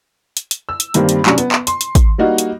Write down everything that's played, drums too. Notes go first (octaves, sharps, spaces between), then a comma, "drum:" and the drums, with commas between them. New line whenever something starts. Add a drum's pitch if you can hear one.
drum: hi-hat
drum: hi-hat
E6
drum: hi-hat
G2 D#3 G3 A#3 C4, drum: hi-hat
drum: hi-hat
C3 F#3 C#4 D4, drum: clap
B3, drum: hi-hat
drum: clap
C6, drum: hi-hat
drum: hi-hat
drum: kick, hi-hat
G3 A#3 D#4 F#4
drum: hi-hat